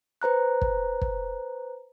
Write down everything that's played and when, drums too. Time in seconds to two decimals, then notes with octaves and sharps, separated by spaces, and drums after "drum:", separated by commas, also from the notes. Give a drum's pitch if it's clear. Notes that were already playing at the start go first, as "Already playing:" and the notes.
0.22 B4 C5 A#5 F#6
0.62 drum: kick
1.02 drum: kick